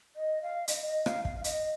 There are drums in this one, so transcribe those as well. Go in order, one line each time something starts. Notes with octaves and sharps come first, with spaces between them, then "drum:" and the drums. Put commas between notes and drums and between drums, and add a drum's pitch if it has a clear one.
D#5
F5
D#5, drum: hi-hat
D#5
F5, drum: rim click
F5, drum: kick
F5
D#5, drum: hi-hat